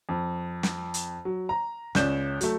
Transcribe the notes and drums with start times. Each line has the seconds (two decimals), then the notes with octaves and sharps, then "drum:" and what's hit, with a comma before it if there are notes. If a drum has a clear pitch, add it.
0.09 F2
0.63 drum: snare
0.94 drum: hi-hat
1.25 F#3
1.49 A#5
1.95 C#2 C#4 D5 G6 E7, drum: snare
2.41 F#3 A3, drum: hi-hat